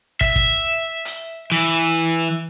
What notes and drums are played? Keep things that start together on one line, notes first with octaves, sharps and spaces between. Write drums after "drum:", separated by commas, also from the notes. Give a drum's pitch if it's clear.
E5, drum: kick
drum: kick
drum: hi-hat
E3